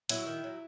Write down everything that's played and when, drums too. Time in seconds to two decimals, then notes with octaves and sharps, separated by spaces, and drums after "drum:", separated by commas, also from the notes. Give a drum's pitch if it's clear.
0.09 F#3 E4, drum: hi-hat
0.26 D#3
0.44 F#3